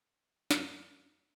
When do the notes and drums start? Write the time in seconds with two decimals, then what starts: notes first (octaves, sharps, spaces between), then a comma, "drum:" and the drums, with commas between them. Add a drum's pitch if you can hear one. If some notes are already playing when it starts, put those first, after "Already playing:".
0.51 F#2, drum: snare